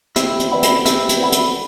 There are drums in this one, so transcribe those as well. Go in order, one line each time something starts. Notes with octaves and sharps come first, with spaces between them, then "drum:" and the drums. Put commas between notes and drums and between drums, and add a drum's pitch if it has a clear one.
C4 E4 G4, drum: hi-hat
drum: hi-hat
B4 D5 F#5 B5
drum: hi-hat
C4 E4 G4, drum: hi-hat
drum: hi-hat
B4 D5 F#5 B5
drum: hi-hat